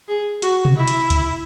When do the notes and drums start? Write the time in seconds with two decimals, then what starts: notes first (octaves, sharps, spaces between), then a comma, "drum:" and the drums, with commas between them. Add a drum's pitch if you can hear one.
0.08 G#4
0.42 F#4, drum: hi-hat
0.65 drum: tom B2
0.76 E4
0.88 drum: hi-hat
1.10 drum: kick C#2, hi-hat